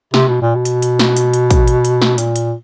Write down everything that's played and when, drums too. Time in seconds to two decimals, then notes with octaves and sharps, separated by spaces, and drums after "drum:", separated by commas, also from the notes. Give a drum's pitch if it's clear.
0.14 C3, drum: snare
0.28 B2
0.42 A#2
0.55 B2
0.65 drum: hi-hat
0.82 drum: hi-hat
0.99 drum: snare
1.16 drum: hi-hat
1.33 drum: hi-hat
1.51 drum: kick, hi-hat
1.68 drum: hi-hat
1.85 drum: hi-hat
2.02 drum: snare
2.18 A#2, drum: hi-hat
2.36 drum: hi-hat